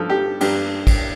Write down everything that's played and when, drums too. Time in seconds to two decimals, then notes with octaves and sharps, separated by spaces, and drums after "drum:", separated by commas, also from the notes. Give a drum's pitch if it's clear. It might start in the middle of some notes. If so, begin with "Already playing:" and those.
Already playing: G2 F3 A4
0.09 G4
0.41 G2 G4, drum: cymbal
0.87 drum: kick, cymbal